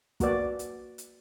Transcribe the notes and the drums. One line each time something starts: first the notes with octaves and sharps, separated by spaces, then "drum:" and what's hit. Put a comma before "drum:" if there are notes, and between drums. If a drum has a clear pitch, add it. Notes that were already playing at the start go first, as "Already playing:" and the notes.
A#3 F#4 B4 D5, drum: kick, hi-hat
drum: hi-hat
drum: hi-hat